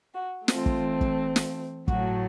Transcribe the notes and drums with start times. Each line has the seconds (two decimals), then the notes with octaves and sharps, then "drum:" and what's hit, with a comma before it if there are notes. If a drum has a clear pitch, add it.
0.14 F#4
0.48 E3 A3 C4 F4, drum: snare
0.66 drum: kick
1.01 drum: kick
1.36 drum: snare
1.88 A2 F#3 A3 F#4, drum: kick